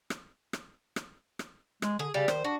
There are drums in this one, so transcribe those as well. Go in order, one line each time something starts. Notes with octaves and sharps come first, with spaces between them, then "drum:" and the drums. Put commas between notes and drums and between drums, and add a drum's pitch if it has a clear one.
drum: rim click
drum: rim click
drum: rim click
drum: rim click
G#3, drum: rim click
D3 G#4
C#3 G3 G4
D#3 C5, drum: rim click
D4 F#4